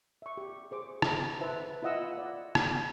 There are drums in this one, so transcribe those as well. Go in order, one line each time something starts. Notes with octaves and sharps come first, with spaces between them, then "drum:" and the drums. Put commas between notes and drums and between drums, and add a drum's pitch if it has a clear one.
E5 C#6
G4
G#4 C5 D6
drum: rim click
B4 C5 E5 A5
E4 F4 D#5 F#5 E6
D5 F#5
drum: rim click